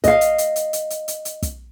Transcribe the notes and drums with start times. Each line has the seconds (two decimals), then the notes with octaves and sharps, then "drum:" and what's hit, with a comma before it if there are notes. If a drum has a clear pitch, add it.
0.04 D#5 F5, drum: kick, hi-hat
0.21 drum: hi-hat
0.38 drum: hi-hat
0.56 drum: hi-hat
0.73 drum: hi-hat
0.90 drum: hi-hat
1.08 drum: hi-hat
1.25 drum: hi-hat
1.42 drum: kick, hi-hat